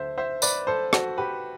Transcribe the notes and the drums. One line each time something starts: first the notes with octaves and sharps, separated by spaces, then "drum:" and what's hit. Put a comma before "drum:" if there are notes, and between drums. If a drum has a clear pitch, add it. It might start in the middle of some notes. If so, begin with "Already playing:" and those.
Already playing: D2 D3 C5 E5
C5 E5
B4 D5, drum: tambourine
A4 C5
F#4 A4, drum: rim click
G4 B4